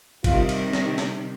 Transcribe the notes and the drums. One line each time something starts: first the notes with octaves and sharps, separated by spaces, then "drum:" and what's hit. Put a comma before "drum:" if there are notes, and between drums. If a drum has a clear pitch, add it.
C3 D#3 G3 F4, drum: kick G1, cymbal
drum: cymbal
drum: snare
drum: snare